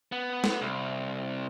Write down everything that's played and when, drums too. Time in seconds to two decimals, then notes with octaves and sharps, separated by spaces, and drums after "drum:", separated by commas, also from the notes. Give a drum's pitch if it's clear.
0.12 B3
0.44 drum: snare
0.62 C2